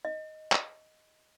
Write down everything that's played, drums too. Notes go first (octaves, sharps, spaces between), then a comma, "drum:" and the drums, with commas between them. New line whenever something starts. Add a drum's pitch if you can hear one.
D#5
drum: clap